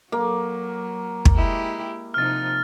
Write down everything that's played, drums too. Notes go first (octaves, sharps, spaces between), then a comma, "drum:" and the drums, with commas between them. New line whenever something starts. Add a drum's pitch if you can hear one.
F#3 A#3
drum: kick
G#3 E4 G4
C3 F3 D#4 F6 A6